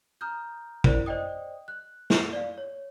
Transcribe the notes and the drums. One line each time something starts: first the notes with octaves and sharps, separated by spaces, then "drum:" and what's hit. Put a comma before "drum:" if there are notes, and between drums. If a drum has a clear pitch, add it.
A#5 D#6 F6 G6
E4 A#4 C5 D5, drum: kick
C5 D5 D#5 G5 D#6
F#6
drum: snare
D5 F5
C#5